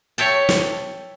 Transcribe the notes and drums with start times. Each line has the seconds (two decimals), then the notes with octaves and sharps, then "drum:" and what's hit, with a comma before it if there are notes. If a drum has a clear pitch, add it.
0.18 C#5 E5 G5 A5
0.49 drum: snare